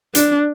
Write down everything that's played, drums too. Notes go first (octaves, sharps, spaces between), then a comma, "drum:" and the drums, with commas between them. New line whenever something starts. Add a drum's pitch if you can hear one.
D4, drum: hi-hat